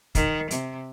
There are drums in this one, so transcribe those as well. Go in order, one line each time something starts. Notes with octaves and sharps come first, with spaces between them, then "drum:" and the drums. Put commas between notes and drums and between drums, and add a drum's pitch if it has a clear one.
D#3, drum: kick, hi-hat
C3, drum: hi-hat